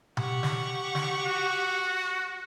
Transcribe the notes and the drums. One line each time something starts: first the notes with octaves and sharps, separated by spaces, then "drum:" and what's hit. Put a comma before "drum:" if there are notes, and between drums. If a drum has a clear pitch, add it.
G4 F#5 C#6, drum: tom B2
drum: snare
drum: snare
F#4